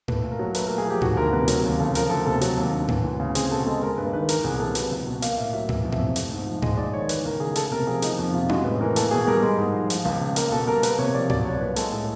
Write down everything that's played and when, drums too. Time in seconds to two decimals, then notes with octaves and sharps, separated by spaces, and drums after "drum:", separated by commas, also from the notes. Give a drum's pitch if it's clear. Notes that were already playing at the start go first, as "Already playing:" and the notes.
0.08 A3 B4, drum: tom G#2
0.23 A#2
0.31 A#4
0.39 F#3
0.55 A3 B4, drum: hi-hat
0.67 A#4
0.70 A#2
0.78 G#4
0.86 F3 G4
1.02 D#3 F#4, drum: tom G#2
1.17 D2 A#4
1.32 C3 B4
1.48 F#3 A#4, drum: hi-hat
1.64 D#2
1.79 C#3 A4
1.95 F3 A#4, drum: hi-hat
2.10 D2 A4
2.26 C3 A4
2.41 F#3, drum: hi-hat
2.57 D#2
2.73 D3
2.88 E3, drum: tom G#2
3.04 D2
3.20 C#3
3.35 C4 G#4, drum: hi-hat
3.51 B2 A4
3.66 G#3 A4
3.82 G#3 A#4
3.98 G2 B4
4.13 D#3 B4
4.29 E3 A#4, drum: hi-hat
4.44 C2 G#4
4.59 C3 A4
4.75 F#3 B4, drum: hi-hat
4.92 C#2
5.07 B2
5.22 A#3 F5, drum: hi-hat
5.37 A2 E5
5.53 F#3 E5
5.69 E3 E5, drum: tom G#2
5.85 F2
5.92 E5, drum: tom G#2
6.00 C3
6.16 A3, drum: hi-hat
6.31 G#2
6.47 F3
6.62 G#3 D#5, drum: tom G#2
6.77 G#2 D5
6.94 D#3 C#5
7.09 E3 B4, drum: hi-hat
7.25 C#2 A#4
7.40 C#3 G#4
7.56 A3 A4, drum: hi-hat
7.71 C3 A#4
7.87 F3 G#4
8.02 F3 D#4, drum: hi-hat
8.19 F2
8.34 C3 F4
8.49 G#3 F#4, drum: tom C#4
8.65 A2 B4
8.81 E3 A#4
8.96 A#3 A4, drum: hi-hat
9.11 B2 G#4
9.27 G3 A#4
9.43 G#3
9.58 G#2
9.74 F3
9.90 F3, drum: hi-hat
10.05 C#2
10.21 C#3
10.36 A#3 A#4, drum: hi-hat
10.52 B2 A4
10.67 G3 A#4
10.83 A#3 B4, drum: hi-hat
10.99 C3 C#5
11.14 F3 D5
11.30 F#3 D5, drum: tom G#2
11.45 C2 C#5
11.61 A#2 B4
11.76 G#3 A4, drum: hi-hat
11.92 A2